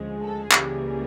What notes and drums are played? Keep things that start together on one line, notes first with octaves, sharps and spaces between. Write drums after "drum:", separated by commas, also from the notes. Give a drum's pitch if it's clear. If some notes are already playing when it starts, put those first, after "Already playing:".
Already playing: D2 C#3 F3 G#3
A4
C#2 C#3 E3 G3 A#3 G#4, drum: clap